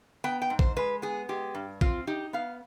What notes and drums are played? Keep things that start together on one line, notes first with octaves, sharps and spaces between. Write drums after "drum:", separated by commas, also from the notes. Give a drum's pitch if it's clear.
B3 G5
G5
G#2
C5, drum: kick
G#3 B4
B3 G#4
G#3 G4
G2
C4 F4, drum: kick
D#4 G4
B3 F5